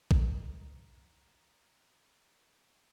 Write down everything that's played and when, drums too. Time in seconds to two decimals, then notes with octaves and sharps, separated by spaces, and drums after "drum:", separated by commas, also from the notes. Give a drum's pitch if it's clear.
0.11 A#5 D#6 F7, drum: kick